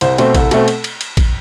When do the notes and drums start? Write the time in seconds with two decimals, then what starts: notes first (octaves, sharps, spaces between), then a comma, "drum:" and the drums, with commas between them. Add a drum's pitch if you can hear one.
0.01 C2 C5, drum: cymbal
0.18 B2 A3 C4 C5, drum: cymbal
0.35 C2 A4, drum: kick, cymbal
0.51 B2 A3 C4, drum: cymbal
0.68 drum: cymbal
0.84 drum: cymbal
1.01 drum: cymbal
1.17 drum: kick, cymbal